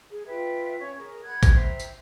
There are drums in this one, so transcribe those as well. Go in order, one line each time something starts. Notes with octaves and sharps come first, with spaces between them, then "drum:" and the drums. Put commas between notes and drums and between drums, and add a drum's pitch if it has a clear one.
G#4
F4 B4 E5 G5
C#4 C#5 C#6
G#4 A#4
F#5 B5 F#6 G#6
drum: kick, tambourine
C5 E5 G5 A#5
drum: tambourine